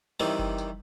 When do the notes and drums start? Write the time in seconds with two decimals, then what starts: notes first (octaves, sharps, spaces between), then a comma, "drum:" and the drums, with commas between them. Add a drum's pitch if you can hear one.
0.20 C3 D#3 E3 G3, drum: snare
0.39 drum: kick F#1
0.58 drum: tambourine